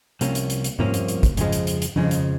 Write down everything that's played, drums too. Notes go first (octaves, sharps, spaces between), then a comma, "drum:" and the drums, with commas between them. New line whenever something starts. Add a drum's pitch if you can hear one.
C2 C3 F3 A#3 C#4, drum: hi-hat
drum: hi-hat
drum: hi-hat
drum: hi-hat
C2 C3 F3 A#3 C#4, drum: tom G#2
drum: hi-hat
drum: hi-hat
drum: kick, hi-hat
F2 C#3 F3 G#3, drum: hi-hat
drum: hi-hat
drum: hi-hat
drum: hi-hat
F2 C#3 F3 G#3, drum: tom F3
drum: hi-hat